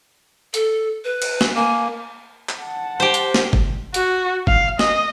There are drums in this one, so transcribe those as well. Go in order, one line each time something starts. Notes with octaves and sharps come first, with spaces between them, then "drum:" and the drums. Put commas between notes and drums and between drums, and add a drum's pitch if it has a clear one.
A4, drum: hi-hat
B4
drum: cymbal
drum: snare
A#3 G#5
drum: clap
F#5 A5
G4 C5
drum: hi-hat
drum: snare
drum: kick G1
F#4, drum: hi-hat
F5, drum: kick G1
D#5, drum: snare